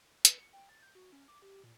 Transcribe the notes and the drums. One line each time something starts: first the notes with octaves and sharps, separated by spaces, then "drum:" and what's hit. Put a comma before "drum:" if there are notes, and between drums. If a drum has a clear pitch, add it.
B4, drum: hi-hat
C#7
G5
A6
G6
F#4
C#4
D6
G4
A#2